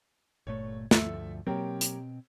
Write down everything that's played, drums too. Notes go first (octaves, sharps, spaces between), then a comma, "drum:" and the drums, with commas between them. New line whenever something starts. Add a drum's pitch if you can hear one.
G1 A#2 A3 C#5
D2 G2 F3 A4 E5, drum: snare
B2 F#3 A#3 C4 G4 A#4 C#5
drum: hi-hat